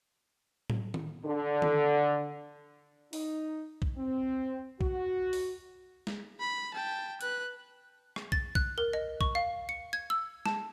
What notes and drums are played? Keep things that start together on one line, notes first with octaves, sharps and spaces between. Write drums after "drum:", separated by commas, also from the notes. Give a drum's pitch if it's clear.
drum: tom A2
drum: tom D#3
D3
drum: tom D#3
D#4, drum: open hi-hat
drum: kick
C4
F#4, drum: kick
drum: open hi-hat
drum: snare
B5
G5 A5
B4 F#6, drum: hi-hat
drum: rim click
A6, drum: kick
F#6, drum: kick
A#4
D#5
C#6, drum: kick
F5
C#7
G#6
E6
A5, drum: snare